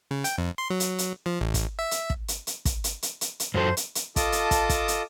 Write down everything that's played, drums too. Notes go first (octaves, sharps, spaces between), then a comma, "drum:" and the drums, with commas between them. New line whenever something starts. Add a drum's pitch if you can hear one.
C#3
G5, drum: hi-hat
F2
C6
F#3
drum: hi-hat
drum: hi-hat
F3
A1
drum: kick, hi-hat
E5
drum: hi-hat
drum: kick
drum: hi-hat
drum: hi-hat
drum: kick, hi-hat
drum: hi-hat
drum: hi-hat
drum: hi-hat
drum: hi-hat
F#2 F#3 A4 C5
drum: hi-hat
drum: hi-hat
F4 A4 D#5 A5 D6 D#6, drum: kick, hi-hat
drum: hi-hat
drum: kick, hi-hat
drum: kick, hi-hat
drum: hi-hat